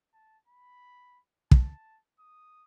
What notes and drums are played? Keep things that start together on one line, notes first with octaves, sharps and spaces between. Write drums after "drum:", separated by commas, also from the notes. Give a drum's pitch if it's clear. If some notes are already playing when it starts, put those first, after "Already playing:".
A5
B5
A5, drum: kick
D#6